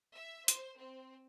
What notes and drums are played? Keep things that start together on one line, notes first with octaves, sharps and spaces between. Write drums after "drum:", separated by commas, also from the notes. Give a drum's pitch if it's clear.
E5
C5, drum: hi-hat
C4